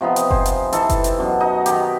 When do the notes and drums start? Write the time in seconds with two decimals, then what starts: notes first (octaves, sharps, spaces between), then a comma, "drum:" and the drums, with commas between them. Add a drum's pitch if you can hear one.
0.01 C3 F3 B3 D#4
0.16 drum: hi-hat
0.31 C5 G#5, drum: kick F#1
0.46 drum: hi-hat
0.73 E3 D#4 A4 E5, drum: hi-hat
0.89 drum: kick F#1, hi-hat
1.04 drum: hi-hat
1.19 F#2 B2
1.40 D#4 D#5 F#5
1.66 D#3 G4, drum: hi-hat